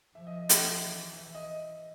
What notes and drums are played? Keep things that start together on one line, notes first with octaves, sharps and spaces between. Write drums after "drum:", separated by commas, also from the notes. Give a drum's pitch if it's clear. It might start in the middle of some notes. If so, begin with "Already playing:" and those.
F3 E5
D#5
D#5
E5, drum: hi-hat
E3
E5
D#5